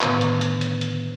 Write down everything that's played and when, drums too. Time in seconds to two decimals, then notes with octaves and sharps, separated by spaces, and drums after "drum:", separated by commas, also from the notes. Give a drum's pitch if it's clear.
0.01 A2 D3 D#3 B3 B4 C5, drum: clap
0.21 drum: hi-hat
0.41 drum: hi-hat
0.61 drum: hi-hat
0.81 drum: hi-hat